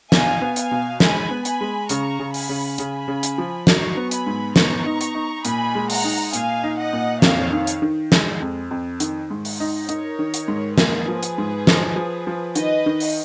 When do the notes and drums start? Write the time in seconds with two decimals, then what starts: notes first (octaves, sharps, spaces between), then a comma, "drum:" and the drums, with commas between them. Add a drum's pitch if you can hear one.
0.12 B2 F5 G#5, drum: snare
0.42 B3
0.56 F5 G#5, drum: hi-hat
0.71 B2
1.00 G#3 G#5 B5, drum: snare
1.31 B3
1.45 G#5 B5, drum: hi-hat
1.61 G#3
1.89 C#3 A#5 C#6, drum: hi-hat
2.19 C#3
2.34 G#5 B5, drum: open hi-hat
2.49 C#3
2.78 C#3 G#5 B5, drum: hi-hat
3.08 C#3
3.23 drum: hi-hat
3.38 F3
3.67 F#3 A#5 C#6, drum: snare
3.97 B3
4.11 G#5 B5, drum: hi-hat
4.27 G#2
4.56 B3 A#5 C#6, drum: snare
4.86 D#4
5.01 drum: hi-hat
5.15 D#4
5.45 A#2 G#5 B5, drum: hi-hat
5.75 G#3
5.90 F#5 A#5, drum: open hi-hat
6.04 D#4
6.33 A#2 F5 G#5, drum: hi-hat
6.63 D#4
6.78 D#5 F#5
6.93 A#2
7.22 F2 C#5 F5, drum: snare
7.53 D#3
7.67 drum: hi-hat
7.82 D#3
8.12 G#3, drum: snare
8.42 F2
8.71 F2
9.00 D#3, drum: hi-hat
9.30 G#2
9.45 drum: open hi-hat
9.60 D#4
9.89 D#4 A#4 C#5, drum: hi-hat
10.19 D#3
10.34 drum: hi-hat
10.48 G#2
10.78 A#3 G#4 B4, drum: snare
11.08 F3
11.23 drum: hi-hat
11.38 G#2
11.67 F3, drum: snare
11.96 F3
12.27 F3
12.55 D#3 B4 D#5, drum: hi-hat
12.86 D#3
13.00 drum: open hi-hat